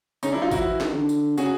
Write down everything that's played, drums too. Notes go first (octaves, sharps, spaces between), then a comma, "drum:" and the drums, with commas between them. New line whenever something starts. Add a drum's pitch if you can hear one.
C#3 C#4 D#4, drum: tambourine
D4 E4
F#3 D#4 F4
F3 E4 F#4, drum: kick G#1, tambourine
E3
D#3, drum: snare
D3
drum: tambourine
C#3 F#4 G#4, drum: tambourine